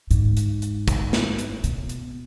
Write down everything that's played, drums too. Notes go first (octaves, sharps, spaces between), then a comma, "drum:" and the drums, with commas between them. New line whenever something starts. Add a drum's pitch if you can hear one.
G#2, drum: hi-hat
drum: hi-hat
drum: hi-hat
drum: kick, hi-hat
drum: snare
drum: hi-hat
B2, drum: hi-hat
drum: hi-hat